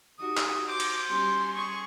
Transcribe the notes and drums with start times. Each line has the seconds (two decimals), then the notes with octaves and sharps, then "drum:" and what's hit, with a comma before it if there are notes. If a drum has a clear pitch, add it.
0.19 D#4 F#4 G4 D#6
0.37 drum: clap
0.68 C5 D6
0.80 drum: cymbal
1.09 G3 C#4 C6
1.55 G#4 C#6